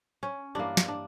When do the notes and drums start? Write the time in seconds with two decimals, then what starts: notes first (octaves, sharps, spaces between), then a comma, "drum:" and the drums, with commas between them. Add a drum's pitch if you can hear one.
0.23 C#4
0.55 G2 E3 A#3 D4
0.77 drum: snare
0.88 D4